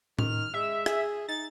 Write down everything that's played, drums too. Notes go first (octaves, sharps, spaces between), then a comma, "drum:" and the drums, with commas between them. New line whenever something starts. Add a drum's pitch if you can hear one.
D#3 F6, drum: tom A2
G#3 E5
G#4, drum: rim click
D#4 A6